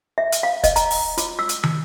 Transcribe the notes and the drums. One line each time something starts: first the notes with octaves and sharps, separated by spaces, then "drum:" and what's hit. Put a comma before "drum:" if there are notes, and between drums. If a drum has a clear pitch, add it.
E5
drum: hi-hat
F5
D#5, drum: kick, hi-hat
A#5, drum: hi-hat
drum: open hi-hat
F4, drum: hi-hat
E6
drum: hi-hat
drum: tom